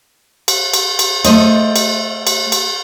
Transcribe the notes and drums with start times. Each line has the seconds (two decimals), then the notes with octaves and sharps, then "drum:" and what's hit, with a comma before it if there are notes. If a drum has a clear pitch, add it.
0.48 drum: cymbal
0.74 drum: cymbal
0.99 drum: cymbal
1.25 A3 C5 D#5, drum: cymbal
1.76 drum: cymbal
2.27 drum: cymbal
2.52 drum: cymbal